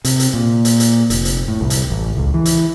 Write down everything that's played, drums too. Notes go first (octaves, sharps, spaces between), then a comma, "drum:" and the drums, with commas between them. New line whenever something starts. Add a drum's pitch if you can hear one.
C3, drum: hi-hat
drum: hi-hat
A#2
drum: hi-hat
drum: hi-hat
F1, drum: hi-hat
drum: hi-hat
A2
C2
drum: hi-hat
A1
C#2
E3
drum: hi-hat